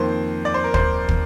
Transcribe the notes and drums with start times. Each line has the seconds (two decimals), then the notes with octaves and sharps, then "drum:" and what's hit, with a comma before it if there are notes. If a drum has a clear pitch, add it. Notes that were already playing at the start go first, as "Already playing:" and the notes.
Already playing: F2 D#3 A#3 C5
0.45 D5
0.54 C5
0.64 A#4
0.74 C5, drum: kick
1.09 drum: kick